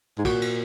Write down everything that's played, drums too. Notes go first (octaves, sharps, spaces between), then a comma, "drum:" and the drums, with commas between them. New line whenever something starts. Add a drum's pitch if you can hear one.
G#2
A#2 F#4, drum: kick, cymbal
drum: cymbal